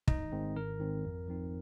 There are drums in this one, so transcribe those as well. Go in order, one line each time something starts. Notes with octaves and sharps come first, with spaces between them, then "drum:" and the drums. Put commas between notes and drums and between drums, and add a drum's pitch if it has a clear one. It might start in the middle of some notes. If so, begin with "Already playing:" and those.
G#1 D#4 D#5, drum: kick
G#2 D#3 G#3 C4
G#1 A#4
G#2 D#3 C4
F2
F3 C4 D#4